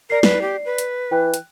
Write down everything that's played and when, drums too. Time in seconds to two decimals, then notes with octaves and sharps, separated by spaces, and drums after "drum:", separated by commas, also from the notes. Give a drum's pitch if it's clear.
0.10 A#4 D5 C7
0.23 B4, drum: snare
0.41 G4
0.65 B4
0.78 drum: hi-hat
1.11 E3 G5 F#6
1.34 drum: hi-hat